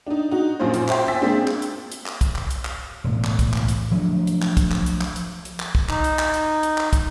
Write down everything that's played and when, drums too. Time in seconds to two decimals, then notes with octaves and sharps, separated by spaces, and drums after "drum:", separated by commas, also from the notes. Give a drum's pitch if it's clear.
0.06 D4 D#4
0.31 D#4 F#4
0.59 A#1 F#2 A#2 F3 F4 C5
0.74 drum: hi-hat
0.88 C5 E5 G5 C6, drum: clap
1.08 G5 G#5 E6 A6 B6
1.21 G#3 A#3 C4 D4 G#4
1.47 drum: clap
1.62 drum: hi-hat
1.92 drum: hi-hat
2.06 drum: clap
2.21 drum: kick, hi-hat
2.36 drum: clap
2.51 drum: hi-hat
2.65 drum: clap
3.04 E1 A2
3.24 drum: clap
3.39 drum: kick, hi-hat
3.54 drum: clap
3.68 drum: hi-hat
3.91 F3 F#3 A3 D4
4.27 drum: hi-hat
4.42 drum: clap
4.57 drum: kick, hi-hat
4.72 drum: clap
4.86 drum: hi-hat
5.01 drum: clap
5.16 drum: hi-hat
5.45 drum: hi-hat
5.60 drum: clap
5.75 drum: kick
5.89 D#4, drum: clap
6.04 drum: hi-hat
6.19 drum: clap
6.34 drum: hi-hat
6.63 drum: hi-hat
6.78 drum: clap
6.93 drum: kick, hi-hat